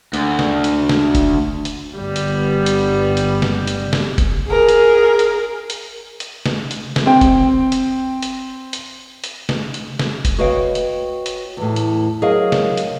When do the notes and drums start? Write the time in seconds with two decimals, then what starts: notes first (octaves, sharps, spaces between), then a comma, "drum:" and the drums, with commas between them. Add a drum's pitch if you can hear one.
0.14 D2, drum: hi-hat
0.39 drum: snare
0.64 drum: hi-hat
0.89 drum: snare
1.15 drum: kick F1, hi-hat
1.65 drum: hi-hat
1.97 G1 G3 B3
2.16 drum: hi-hat
2.66 drum: hi-hat
3.17 drum: hi-hat
3.42 drum: snare
3.67 drum: hi-hat
3.93 drum: snare
4.18 drum: kick F1, hi-hat
4.48 G#4 A#4
4.69 drum: hi-hat
5.19 drum: hi-hat
5.70 drum: hi-hat
6.20 drum: hi-hat
6.46 drum: snare
6.71 drum: hi-hat
6.96 drum: snare
7.06 C4 G5
7.21 drum: kick F1, hi-hat
7.72 drum: hi-hat
8.22 drum: hi-hat
8.73 drum: hi-hat
9.24 drum: hi-hat
9.49 drum: snare
9.74 drum: hi-hat
9.99 drum: snare
10.25 drum: kick F1, hi-hat
10.38 F#4 B4 C#5 D#5 F5 G5
10.75 drum: hi-hat
11.26 drum: hi-hat
11.57 E2 A2
11.76 drum: hi-hat
12.22 F#3 G#4 A#4 D#5 F5
12.52 drum: snare
12.78 drum: hi-hat